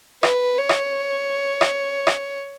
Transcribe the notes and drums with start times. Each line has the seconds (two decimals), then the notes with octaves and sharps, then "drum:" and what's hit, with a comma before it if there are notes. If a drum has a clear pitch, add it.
0.23 B4, drum: rim click
0.58 C#5
0.69 drum: rim click
1.61 drum: rim click
2.07 drum: rim click